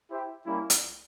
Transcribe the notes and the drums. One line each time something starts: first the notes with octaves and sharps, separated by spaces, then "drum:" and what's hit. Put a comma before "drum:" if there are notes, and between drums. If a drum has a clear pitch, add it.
E4 G4 C5 E5 G5
G3 A#3 C#4 E4
drum: hi-hat